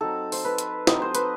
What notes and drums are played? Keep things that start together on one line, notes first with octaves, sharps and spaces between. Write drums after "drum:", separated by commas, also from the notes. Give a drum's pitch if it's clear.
F#3 C4 D#4 A4
C5, drum: open hi-hat
B4
drum: hi-hat
F#3 C4 D#4 D#5, drum: snare
C5
B4, drum: hi-hat